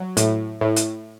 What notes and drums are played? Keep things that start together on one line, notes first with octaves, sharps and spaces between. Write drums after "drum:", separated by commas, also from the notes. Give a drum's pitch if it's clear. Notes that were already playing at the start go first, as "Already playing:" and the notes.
Already playing: F#3
A2, drum: hi-hat
A2
drum: hi-hat